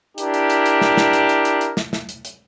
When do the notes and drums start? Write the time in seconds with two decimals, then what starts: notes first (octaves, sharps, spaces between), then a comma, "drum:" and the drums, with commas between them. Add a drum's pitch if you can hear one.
0.18 D4 E4 G4 A#4, drum: hi-hat
0.34 drum: hi-hat
0.50 drum: hi-hat
0.66 drum: hi-hat
0.81 drum: snare
0.97 drum: snare
1.13 drum: hi-hat
1.29 drum: hi-hat
1.45 drum: hi-hat
1.61 drum: hi-hat
1.77 drum: snare
1.93 drum: snare
2.09 drum: hi-hat
2.25 drum: hi-hat